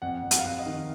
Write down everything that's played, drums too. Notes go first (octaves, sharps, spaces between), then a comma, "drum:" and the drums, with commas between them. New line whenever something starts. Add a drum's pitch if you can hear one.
F2 F#5
F2
F#5, drum: hi-hat
F5
F2 F#5
D#5
D#3